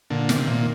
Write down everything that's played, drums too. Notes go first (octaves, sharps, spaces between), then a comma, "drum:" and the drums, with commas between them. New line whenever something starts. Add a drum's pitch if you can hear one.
A#2 D3
C3 D#3, drum: snare
A#2